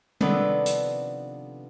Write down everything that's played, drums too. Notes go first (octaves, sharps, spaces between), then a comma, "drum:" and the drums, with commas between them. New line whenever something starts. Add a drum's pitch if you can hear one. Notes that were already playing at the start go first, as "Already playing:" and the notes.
C3 D#3 F3 B3 D4 A4, drum: tom G3
drum: hi-hat